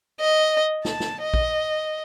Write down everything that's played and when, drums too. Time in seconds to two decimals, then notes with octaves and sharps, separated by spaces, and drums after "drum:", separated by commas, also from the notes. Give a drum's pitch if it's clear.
0.20 D#5
0.85 A5, drum: snare
1.00 drum: snare
1.22 D#5
1.34 drum: kick A#1